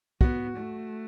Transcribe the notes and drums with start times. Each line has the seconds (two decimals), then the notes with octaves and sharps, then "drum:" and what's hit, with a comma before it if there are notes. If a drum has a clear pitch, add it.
0.21 B3 F#4, drum: kick
0.57 A3